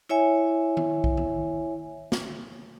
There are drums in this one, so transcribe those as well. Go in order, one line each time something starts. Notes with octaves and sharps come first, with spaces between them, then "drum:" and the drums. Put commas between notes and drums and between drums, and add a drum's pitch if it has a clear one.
E4 C#5 E5 G#5
drum: tom D#3
drum: kick B1
drum: tom D#3
drum: snare